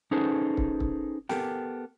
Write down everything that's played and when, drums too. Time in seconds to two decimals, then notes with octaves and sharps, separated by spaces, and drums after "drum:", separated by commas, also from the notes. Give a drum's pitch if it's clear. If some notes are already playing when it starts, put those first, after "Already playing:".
0.11 C#4 D#4 G#4 A4 B4 C5
0.57 drum: kick
0.80 drum: kick
1.29 B3 G4 A4 A#4 G5, drum: snare